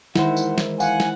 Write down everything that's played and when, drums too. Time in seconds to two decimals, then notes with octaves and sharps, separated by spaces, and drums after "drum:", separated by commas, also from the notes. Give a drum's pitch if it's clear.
0.16 D#3 E3 G#3 E4 C5 F#5, drum: snare
0.37 drum: tambourine
0.58 drum: snare
0.80 F5 F#5 G#5, drum: tambourine
1.00 drum: snare